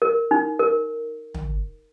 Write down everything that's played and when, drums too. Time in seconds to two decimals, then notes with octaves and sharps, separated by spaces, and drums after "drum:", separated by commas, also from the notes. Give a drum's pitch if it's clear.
0.02 A#4
0.31 D#4
0.59 A#4
1.34 drum: tom